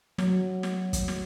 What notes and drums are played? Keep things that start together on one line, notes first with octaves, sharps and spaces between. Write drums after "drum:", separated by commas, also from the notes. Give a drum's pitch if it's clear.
F#3, drum: snare
drum: snare
drum: kick, hi-hat
drum: snare